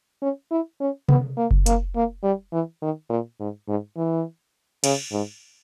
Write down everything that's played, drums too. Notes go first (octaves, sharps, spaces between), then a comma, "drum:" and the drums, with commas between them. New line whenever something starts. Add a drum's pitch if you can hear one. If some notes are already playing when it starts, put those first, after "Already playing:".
C#4
E4
C#4
B3, drum: tom C3
A#3
drum: kick F#1
A#3, drum: hi-hat
A#3
G3
E3
D#3
A#2
G#2
G#2
E3
C#3, drum: cymbal
G#2